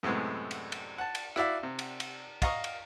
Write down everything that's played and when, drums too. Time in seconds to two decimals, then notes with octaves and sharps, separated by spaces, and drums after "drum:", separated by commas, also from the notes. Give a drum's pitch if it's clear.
0.03 F#2 A2 C3 G#3 B3
0.51 drum: cymbal
0.72 drum: cymbal
0.98 F#5 A5
1.15 drum: cymbal
1.36 E4 F#4 D5 E5 F5, drum: rim click
1.63 C3
1.79 drum: cymbal
2.00 drum: cymbal
2.42 D#5 F5 A#5 C#6 D#6 F6, drum: kick, cymbal
2.64 drum: cymbal